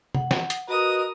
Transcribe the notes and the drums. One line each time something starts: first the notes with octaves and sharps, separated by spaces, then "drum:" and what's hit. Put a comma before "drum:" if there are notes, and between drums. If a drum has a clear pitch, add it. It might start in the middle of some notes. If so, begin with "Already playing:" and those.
F#5, drum: tom C3
drum: snare
drum: hi-hat
F#4 A#4 B4 D#5 D#6